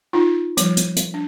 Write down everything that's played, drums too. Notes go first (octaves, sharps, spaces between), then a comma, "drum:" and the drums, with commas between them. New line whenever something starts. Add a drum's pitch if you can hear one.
D#4 F4
F3 G3, drum: hi-hat
drum: hi-hat
drum: hi-hat
D4